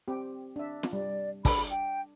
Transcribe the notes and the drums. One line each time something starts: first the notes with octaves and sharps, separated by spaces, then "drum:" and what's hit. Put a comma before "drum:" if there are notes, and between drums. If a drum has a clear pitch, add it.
C4 G4
D4 E5
drum: snare
G3 D5
D4 B5, drum: kick, open hi-hat
G5